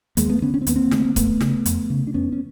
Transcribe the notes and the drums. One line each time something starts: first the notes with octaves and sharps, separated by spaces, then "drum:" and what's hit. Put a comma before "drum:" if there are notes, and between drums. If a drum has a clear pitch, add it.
D#2 G#3 A#3, drum: hi-hat
A3 B3
D3 B3 C#4
C#4
C4
D#2 B3, drum: hi-hat
A#3 C4
D3 A3, drum: snare
A#3
F2 A3 B3, drum: kick C#1, hi-hat
C#3, drum: snare
F2, drum: hi-hat
C#3
D4
F2 B3 C#4
C#4